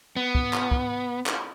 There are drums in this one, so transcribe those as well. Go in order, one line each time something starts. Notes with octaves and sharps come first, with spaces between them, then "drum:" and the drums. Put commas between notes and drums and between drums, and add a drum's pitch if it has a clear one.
B3
drum: kick
drum: clap
drum: kick
drum: clap